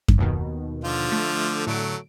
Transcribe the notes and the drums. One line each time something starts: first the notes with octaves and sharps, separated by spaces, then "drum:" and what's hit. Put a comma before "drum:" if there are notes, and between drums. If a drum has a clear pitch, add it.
drum: kick F#2
D#2 B2 D#3
D3 F3 F4
A3
A2 D3 F#3 A3 D7